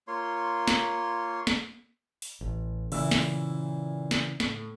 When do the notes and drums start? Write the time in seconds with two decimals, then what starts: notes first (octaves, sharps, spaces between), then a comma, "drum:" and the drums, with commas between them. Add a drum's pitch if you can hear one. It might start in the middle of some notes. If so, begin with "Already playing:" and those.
0.08 A#3 F4 C#5 C6
0.68 drum: snare
1.47 drum: snare
2.22 drum: open hi-hat
2.41 A1
2.92 A#2 C#3 E3 E5 E6, drum: cymbal
3.11 drum: snare
4.11 drum: snare
4.40 A2, drum: snare